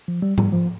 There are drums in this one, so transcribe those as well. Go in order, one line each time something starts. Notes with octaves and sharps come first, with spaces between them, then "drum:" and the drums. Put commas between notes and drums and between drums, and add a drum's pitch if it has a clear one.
F3
G3
G3, drum: tom G#2
F3